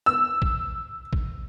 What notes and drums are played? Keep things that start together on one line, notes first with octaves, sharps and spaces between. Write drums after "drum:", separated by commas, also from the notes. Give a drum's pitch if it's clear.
E6
drum: kick
drum: kick